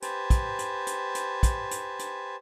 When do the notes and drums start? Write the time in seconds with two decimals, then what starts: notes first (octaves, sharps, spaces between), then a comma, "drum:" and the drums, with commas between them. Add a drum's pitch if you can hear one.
0.02 G4 B4 C5 G#5 A5, drum: hi-hat
0.30 drum: kick, hi-hat
0.59 drum: hi-hat
0.87 drum: hi-hat
1.15 drum: hi-hat
1.43 drum: kick, hi-hat
1.71 drum: hi-hat
1.99 drum: hi-hat